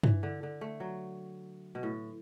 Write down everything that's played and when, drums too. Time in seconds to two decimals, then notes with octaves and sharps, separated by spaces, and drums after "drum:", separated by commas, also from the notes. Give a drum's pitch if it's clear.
0.03 E3, drum: tom G2
0.23 D3
0.43 D3
0.61 A3
0.80 F#3
1.75 B2
1.83 A2